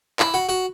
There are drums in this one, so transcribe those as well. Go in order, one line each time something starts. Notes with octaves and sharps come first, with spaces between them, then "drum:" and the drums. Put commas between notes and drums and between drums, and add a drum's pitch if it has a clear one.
E4, drum: clap
F#4
F#4